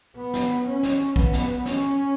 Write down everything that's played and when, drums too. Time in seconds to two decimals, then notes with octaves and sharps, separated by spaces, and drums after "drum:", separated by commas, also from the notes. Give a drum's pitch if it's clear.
0.16 B3
0.33 drum: snare
0.67 C#4
0.83 drum: snare
1.16 B3, drum: kick
1.33 drum: snare
1.65 C#4, drum: snare